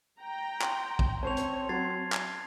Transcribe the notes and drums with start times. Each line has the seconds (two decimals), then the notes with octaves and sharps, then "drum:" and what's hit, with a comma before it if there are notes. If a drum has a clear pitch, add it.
0.22 G5 A#5
0.61 C6, drum: clap
0.99 drum: kick
1.23 C4 C#4 C5 C#5 A5 C#6 F7
1.37 drum: hi-hat
1.69 F#3 C#4 G#6 A6 C7
2.12 drum: clap